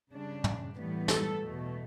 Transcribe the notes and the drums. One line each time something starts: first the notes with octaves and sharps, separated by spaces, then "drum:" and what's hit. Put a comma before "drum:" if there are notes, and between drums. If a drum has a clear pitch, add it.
C#3 G3 D4
drum: tom
A2 E3 G3 B3
A4, drum: snare
E2 B2 A3